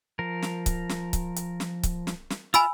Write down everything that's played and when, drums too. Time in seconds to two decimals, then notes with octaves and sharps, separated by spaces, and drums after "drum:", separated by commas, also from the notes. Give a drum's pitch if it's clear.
0.19 F3 A#4
0.42 drum: snare
0.66 drum: kick C#1, hi-hat
0.89 drum: snare
1.13 drum: kick C#1, hi-hat
1.36 drum: hi-hat
1.60 drum: snare
1.83 drum: kick C#1, hi-hat
2.07 drum: snare
2.30 drum: snare
2.54 F4 E5 G#5 B5 E6 F6, drum: hi-hat